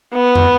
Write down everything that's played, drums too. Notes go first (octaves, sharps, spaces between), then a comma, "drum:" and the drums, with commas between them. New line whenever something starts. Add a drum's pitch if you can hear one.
B3
drum: tom